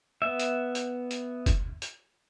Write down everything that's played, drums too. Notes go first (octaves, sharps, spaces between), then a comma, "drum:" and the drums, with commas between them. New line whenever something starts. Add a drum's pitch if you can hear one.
B3 E5
drum: hi-hat
drum: hi-hat
drum: hi-hat
drum: kick F1, hi-hat
drum: hi-hat